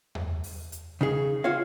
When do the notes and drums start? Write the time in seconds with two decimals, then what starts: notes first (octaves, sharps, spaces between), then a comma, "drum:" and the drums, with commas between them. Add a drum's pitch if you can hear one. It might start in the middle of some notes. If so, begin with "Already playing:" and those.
0.15 drum: tom E2
0.44 drum: open hi-hat
0.72 drum: hi-hat
1.01 C#3 D#4 G#4
1.44 F4 F#4 C#5 F5